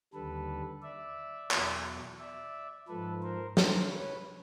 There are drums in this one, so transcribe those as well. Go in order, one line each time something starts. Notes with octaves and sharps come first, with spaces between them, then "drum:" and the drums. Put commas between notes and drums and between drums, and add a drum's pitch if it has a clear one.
D#2 D3 G3 A4 B4
D5 E5
E2 B2 F#3, drum: clap
D5 E5
G#2 F3 A4 B4
A#4 C5
A#4 C5, drum: snare
B4 C#5